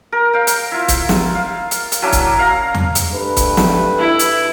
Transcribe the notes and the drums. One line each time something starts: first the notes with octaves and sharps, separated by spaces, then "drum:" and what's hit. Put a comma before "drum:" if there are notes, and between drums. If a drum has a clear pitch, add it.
A#4
F5 G5
drum: hi-hat
E4 F4
drum: kick C#1, hi-hat
drum: snare
F5
drum: hi-hat
drum: hi-hat
F#3 C#4 D4 E4
drum: kick C#1, hi-hat
F5 A#5
drum: tom E2
drum: hi-hat
G2 A3 B4
drum: kick C#1, hi-hat
drum: snare
E4
drum: hi-hat